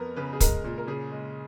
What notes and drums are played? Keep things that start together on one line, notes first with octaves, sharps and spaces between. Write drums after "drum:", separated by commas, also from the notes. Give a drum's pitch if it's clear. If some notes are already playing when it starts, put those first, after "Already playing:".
Already playing: F2 B3 A#4
C#3 B4
G#4
G#3 A#4, drum: kick, hi-hat
A#2
A#4
C#3 G#4
G#3